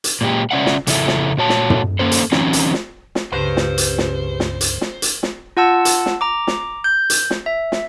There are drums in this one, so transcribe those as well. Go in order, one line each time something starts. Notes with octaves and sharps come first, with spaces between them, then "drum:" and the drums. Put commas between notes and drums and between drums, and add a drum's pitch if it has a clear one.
drum: hi-hat
A#2 G#3 G4
C#3 C#4 D5 E5 F#5
drum: snare
F2 C#3 E4 A4 E5, drum: hi-hat
drum: snare
A#2 F#4 C#5 A5
drum: snare
drum: tom
A#3 C#4 A4 C5
drum: hi-hat
E3 F#3 C4 C#4 D#4, drum: snare
drum: hi-hat
drum: snare
drum: snare
C#2 G2 C#3 G4 B4 C5 B5
drum: snare
drum: hi-hat
drum: snare
drum: snare
drum: hi-hat
drum: snare
drum: hi-hat
drum: snare
F4 F#5 A5 E6
drum: hi-hat
drum: snare
A#5 D6
drum: snare
G6
drum: hi-hat
drum: snare
E5
drum: snare